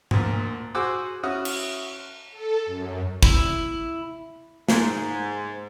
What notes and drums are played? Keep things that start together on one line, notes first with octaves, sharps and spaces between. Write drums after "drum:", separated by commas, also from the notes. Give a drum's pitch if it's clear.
D2 A#2, drum: tom G#2
F#4 G#4 C5 G#5 D6 E6
C#4 E4 F#4 D#6 F6
drum: cymbal
A4
F#2
E4, drum: kick
G#2, drum: snare